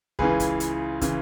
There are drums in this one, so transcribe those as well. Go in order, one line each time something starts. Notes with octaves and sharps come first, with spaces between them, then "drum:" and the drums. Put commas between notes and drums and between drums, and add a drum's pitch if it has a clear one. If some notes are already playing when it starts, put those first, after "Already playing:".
C#2 C#3 E3 G#4 B4, drum: kick
drum: kick, hi-hat
drum: hi-hat
C#3 E3, drum: kick, hi-hat